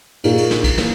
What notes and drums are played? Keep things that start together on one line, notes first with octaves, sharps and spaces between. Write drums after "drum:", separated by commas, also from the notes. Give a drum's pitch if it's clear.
A#2 A#3 D#4 G#4, drum: cymbal
drum: cymbal
drum: snare
drum: kick, cymbal
E3 A#3, drum: snare